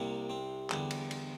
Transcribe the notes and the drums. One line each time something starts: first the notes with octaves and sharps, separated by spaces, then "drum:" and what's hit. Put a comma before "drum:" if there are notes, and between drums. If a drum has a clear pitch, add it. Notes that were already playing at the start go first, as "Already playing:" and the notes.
Already playing: C2 C3 G3 A#3
C4
E2 D3 G3, drum: clap
drum: cymbal
drum: cymbal